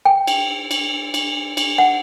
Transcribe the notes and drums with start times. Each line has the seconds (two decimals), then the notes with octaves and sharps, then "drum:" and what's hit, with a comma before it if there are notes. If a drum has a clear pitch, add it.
0.05 G5
0.27 drum: cymbal
0.71 drum: cymbal
1.14 drum: cymbal
1.57 drum: cymbal
1.78 F#5